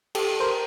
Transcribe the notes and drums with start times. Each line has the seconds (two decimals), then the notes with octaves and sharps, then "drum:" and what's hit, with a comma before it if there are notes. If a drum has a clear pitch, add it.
0.15 G4 A4, drum: cymbal
0.40 A#4 C5